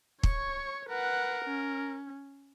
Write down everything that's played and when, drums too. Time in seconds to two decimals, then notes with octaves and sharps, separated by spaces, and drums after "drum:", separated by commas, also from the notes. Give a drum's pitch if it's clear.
0.23 C#5 C#6, drum: kick
0.89 A#4 B4 F#5
1.45 C#4